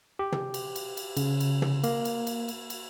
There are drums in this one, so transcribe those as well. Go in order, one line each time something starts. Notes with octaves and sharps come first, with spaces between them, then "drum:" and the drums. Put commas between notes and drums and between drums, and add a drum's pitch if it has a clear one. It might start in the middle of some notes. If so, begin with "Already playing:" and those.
G4
drum: tom
drum: cymbal
drum: cymbal
drum: cymbal
C#3, drum: cymbal
drum: cymbal
drum: tom
A#3, drum: cymbal
drum: cymbal
drum: cymbal
drum: cymbal
drum: cymbal